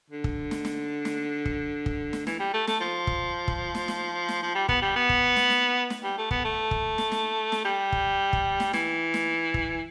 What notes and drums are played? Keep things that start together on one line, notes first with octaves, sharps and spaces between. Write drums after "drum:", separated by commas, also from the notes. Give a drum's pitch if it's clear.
D3
drum: kick
drum: snare
drum: snare
drum: snare
drum: kick
drum: kick
drum: snare
E3, drum: snare
G3
A3
A3, drum: snare
F3
drum: kick
drum: kick
drum: snare
drum: snare
drum: snare
F3
G3
B3, drum: kick
G3
B3
drum: kick
drum: snare
drum: snare
drum: snare
G3
A3
B3, drum: kick
A3
drum: kick
drum: snare
drum: snare
drum: snare
G3
drum: kick
drum: kick
drum: snare
E3, drum: snare
drum: snare
drum: kick